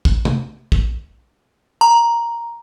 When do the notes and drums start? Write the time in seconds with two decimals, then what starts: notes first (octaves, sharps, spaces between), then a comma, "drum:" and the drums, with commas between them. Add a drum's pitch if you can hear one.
0.05 drum: kick
0.25 drum: tom
0.72 drum: kick
1.81 A#5